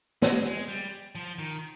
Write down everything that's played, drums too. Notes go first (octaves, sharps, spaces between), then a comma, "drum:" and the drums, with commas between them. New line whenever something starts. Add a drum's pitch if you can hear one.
G#3, drum: snare
G#3
G3
F3
D#3